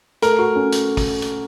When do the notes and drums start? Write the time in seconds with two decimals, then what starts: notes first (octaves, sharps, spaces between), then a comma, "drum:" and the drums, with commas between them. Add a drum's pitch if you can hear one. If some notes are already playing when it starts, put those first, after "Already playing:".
0.22 A3 A#4, drum: hi-hat
0.39 F#4
0.56 C#4
0.72 drum: hi-hat
0.97 drum: kick, open hi-hat
1.22 drum: hi-hat